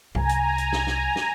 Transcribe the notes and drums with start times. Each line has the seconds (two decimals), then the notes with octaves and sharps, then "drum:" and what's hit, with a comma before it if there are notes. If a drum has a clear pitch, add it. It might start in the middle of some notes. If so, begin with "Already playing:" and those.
0.15 C2 G#5 A#5, drum: tom G2
0.29 drum: hi-hat
0.58 drum: hi-hat
0.72 drum: snare
0.87 drum: snare
1.16 drum: snare